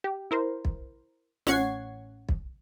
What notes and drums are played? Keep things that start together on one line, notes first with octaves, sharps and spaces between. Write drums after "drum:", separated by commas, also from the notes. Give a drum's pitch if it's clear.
G4
E4 A#4 C5
drum: kick
A1 C#4 F#5 C#6 G#6 C7, drum: snare
drum: kick